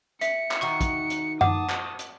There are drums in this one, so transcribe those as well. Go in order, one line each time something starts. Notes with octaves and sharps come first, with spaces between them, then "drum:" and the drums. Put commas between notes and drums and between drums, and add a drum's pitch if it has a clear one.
E5 C#7, drum: hi-hat
drum: clap
D#3 D#4 F#4 C#6
drum: kick, hi-hat
drum: hi-hat
F#5 A5 D6 D#6, drum: tom F#2
drum: clap
drum: hi-hat